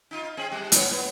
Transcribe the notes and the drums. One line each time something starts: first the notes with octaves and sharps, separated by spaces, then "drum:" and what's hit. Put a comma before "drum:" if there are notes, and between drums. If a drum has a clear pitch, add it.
D#4 F4
C4 G#4
G3
B3 C#5, drum: hi-hat
B3